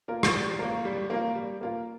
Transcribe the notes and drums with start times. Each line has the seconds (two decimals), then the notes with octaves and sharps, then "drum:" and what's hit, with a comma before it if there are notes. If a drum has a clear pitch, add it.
0.08 A#3 F4 A#4
0.23 drum: rim click
0.33 G3
0.59 A#3 F4 A#4
0.85 G3
1.10 A#3 F4 A#4
1.35 G3
1.61 A#3 F4 A#4